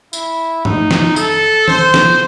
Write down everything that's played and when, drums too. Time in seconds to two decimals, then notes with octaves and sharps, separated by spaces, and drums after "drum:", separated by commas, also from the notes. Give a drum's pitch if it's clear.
0.13 E4, drum: tambourine
0.65 D#4, drum: tom G2
0.91 drum: snare
1.16 A4, drum: tambourine
1.68 C5, drum: tom D#3
1.94 drum: snare